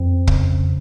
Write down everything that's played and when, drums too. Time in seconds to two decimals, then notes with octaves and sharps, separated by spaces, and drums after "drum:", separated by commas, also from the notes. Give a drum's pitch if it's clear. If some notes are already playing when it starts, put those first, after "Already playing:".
Already playing: F2 C4
0.27 C#3, drum: kick